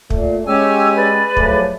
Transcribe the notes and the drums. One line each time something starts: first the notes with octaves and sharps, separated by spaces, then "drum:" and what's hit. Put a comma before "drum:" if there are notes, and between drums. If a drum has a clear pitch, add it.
A#2 A3, drum: kick
G#3 C#4 G4 C#5 G#5 E6
G#4 B4 D5
F3 F#3 A3, drum: kick